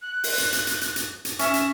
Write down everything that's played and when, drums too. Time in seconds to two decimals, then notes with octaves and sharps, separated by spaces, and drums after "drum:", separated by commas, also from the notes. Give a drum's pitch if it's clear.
0.02 F#6
0.24 drum: open hi-hat
0.38 drum: hi-hat
0.52 drum: hi-hat
0.67 drum: hi-hat
0.81 drum: hi-hat
0.96 drum: hi-hat
1.25 drum: hi-hat
1.39 C#4 E5, drum: hi-hat
1.54 drum: hi-hat